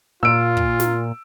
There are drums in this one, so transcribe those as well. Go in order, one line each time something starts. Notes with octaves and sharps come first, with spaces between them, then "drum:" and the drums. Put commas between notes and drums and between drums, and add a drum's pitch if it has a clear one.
A#2 F4 E6 D7
drum: kick
drum: snare